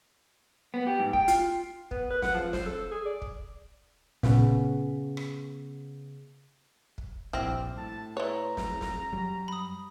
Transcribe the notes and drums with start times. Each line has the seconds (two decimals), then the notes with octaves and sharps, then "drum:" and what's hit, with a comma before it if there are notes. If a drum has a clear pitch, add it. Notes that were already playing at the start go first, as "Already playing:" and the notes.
0.74 B3
0.87 G4
1.00 G#2
1.13 G5, drum: kick
1.28 F4, drum: hi-hat
1.91 B3, drum: kick
2.10 B4
2.22 F#5, drum: snare
2.34 F3
2.53 C5, drum: snare
2.66 A4
2.91 G#4
3.06 D5
3.22 drum: kick
4.23 A#2 C#3 B3, drum: snare
5.17 drum: rim click
6.98 drum: kick
7.33 A#1 G2 C4 E4 D5 F6 A#6, drum: kick
7.77 A2 A5
8.17 E4 B4 C#5 D5 A#5 C6
8.57 drum: snare
8.81 drum: snare
9.12 F#2 F#3 G3
9.48 B5 D#6